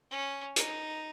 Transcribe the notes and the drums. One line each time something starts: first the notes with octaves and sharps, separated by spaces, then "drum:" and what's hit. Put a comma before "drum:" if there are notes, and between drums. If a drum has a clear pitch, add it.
C#4
D#4, drum: hi-hat